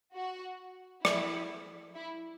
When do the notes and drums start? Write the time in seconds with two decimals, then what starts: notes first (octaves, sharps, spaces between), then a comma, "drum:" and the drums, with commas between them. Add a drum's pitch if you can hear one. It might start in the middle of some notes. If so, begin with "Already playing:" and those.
0.15 F#4
1.05 E4, drum: rim click
1.95 E4